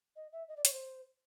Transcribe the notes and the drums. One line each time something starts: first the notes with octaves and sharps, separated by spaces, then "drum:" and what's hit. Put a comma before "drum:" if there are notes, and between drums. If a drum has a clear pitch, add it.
D#5
E5
D#5
D5
C#5, drum: hi-hat
C5